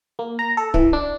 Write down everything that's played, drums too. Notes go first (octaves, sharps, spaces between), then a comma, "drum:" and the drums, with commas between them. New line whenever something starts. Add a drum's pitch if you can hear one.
A#3
A#5
A4
E3, drum: kick
D4